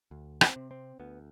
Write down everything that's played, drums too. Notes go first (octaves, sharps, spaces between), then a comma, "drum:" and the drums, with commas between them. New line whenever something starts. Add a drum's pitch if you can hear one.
D2
C4, drum: rim click
C3
C4
D2 B3